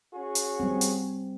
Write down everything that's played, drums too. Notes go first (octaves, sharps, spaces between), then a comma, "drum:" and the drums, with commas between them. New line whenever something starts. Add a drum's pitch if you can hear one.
C#4 F#4 G#4
drum: hi-hat
G3 C4
drum: hi-hat